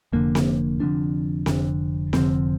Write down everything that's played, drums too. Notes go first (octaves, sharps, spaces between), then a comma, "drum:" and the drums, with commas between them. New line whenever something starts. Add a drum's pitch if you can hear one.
F1 F2 D3 A#3
drum: snare C4
F1 F2 D3 D4
F1 F2 D3, drum: snare C4
F1 F2 D3 C4, drum: snare C4